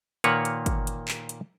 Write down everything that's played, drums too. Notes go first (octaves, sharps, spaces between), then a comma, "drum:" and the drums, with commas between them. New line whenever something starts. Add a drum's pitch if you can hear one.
A#2 D#3 A#3 B4 C#5 F#5, drum: hi-hat
drum: hi-hat
drum: kick, hi-hat
drum: hi-hat
drum: clap
drum: hi-hat